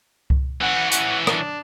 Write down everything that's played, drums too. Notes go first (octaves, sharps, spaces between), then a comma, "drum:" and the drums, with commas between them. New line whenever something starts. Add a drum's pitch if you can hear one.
drum: kick C2
E3 C#4 F#5
F#5, drum: hi-hat
D4, drum: rim click